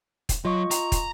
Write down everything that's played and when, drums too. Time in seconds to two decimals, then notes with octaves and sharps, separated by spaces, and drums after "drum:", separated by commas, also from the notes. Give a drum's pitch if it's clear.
0.29 drum: kick, hi-hat
0.45 F#3 F4 D#5 C#6
0.71 A#5, drum: hi-hat
0.92 drum: kick, hi-hat